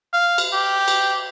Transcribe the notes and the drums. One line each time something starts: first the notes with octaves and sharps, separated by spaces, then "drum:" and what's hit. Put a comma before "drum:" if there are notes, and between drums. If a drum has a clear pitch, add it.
F5
drum: cymbal
G4
drum: cymbal